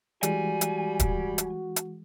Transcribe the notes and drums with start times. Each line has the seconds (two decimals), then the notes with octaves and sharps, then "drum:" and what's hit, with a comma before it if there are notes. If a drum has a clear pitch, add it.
0.23 E3 G3 G#3 F#4 G#5, drum: hi-hat
0.61 drum: hi-hat
1.00 drum: kick, hi-hat
1.38 drum: hi-hat
1.76 drum: hi-hat